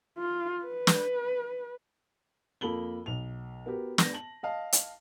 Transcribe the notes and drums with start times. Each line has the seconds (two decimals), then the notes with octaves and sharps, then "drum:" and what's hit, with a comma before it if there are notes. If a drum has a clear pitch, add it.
0.19 F4
0.65 B4
0.87 drum: snare
2.61 F2 A#3 A4 B5 F#7 G7
3.06 B1 F7
3.66 B3 F#4 G4 A#4
3.98 B3 A#6, drum: snare
4.13 A5 F#7
4.43 D#5 F5 A5
4.73 drum: hi-hat